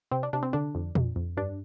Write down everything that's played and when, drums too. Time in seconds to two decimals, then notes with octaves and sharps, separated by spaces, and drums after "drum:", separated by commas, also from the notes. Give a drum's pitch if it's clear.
0.11 C3 C4
0.23 D4
0.33 C3 D4
0.43 C4
0.53 D3 D4
0.75 F2
0.95 F2, drum: tom A#2
1.16 F2
1.37 G2 D4